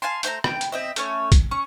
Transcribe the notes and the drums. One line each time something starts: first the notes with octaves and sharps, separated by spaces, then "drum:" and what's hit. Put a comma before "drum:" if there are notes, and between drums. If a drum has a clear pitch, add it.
F5 G#5 A5 C6
A3 C5 F5 A#5, drum: hi-hat
G5, drum: rim click
drum: hi-hat
C4 D#5 E5
A3 C#4 C#5, drum: hi-hat
drum: kick, hi-hat
C#4 C#6